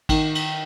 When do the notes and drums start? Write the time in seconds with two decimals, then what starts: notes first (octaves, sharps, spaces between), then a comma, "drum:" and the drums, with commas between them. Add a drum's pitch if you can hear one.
0.09 D#3, drum: kick A1, cymbal
0.35 drum: cymbal